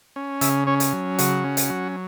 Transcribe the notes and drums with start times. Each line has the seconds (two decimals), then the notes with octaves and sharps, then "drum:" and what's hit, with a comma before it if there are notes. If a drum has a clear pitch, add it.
0.16 C#4
0.41 C#3 E5, drum: hi-hat
0.67 C#4 C#5
0.80 drum: hi-hat
0.93 F#3
1.19 C#3 F#4, drum: hi-hat
1.44 C#4
1.57 drum: hi-hat
1.70 F#3